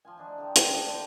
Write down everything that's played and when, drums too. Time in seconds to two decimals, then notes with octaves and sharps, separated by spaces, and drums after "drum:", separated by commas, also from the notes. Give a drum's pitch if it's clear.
0.05 F3 F4 G#5
0.18 E3 D4 D#4
0.38 D3 F3 D#4 G4
0.56 A#3 C4 A#4 E5, drum: hi-hat
0.72 F3 D4 E4 A4
0.88 D3 E4 G4 C5